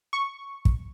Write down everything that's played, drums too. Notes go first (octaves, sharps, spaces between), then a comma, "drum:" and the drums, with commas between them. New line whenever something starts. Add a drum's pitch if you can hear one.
C#6
drum: kick